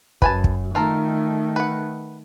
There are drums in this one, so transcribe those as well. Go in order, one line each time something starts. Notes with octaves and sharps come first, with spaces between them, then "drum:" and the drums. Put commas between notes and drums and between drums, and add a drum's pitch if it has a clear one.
F#2 B4 G#5 A5, drum: kick
drum: kick
D#3 A3 F4 A4 A#4
B4 F#5